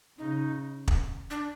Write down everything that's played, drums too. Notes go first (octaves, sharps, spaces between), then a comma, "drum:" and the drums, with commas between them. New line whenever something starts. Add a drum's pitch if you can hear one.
C#3 D#4
drum: kick
D4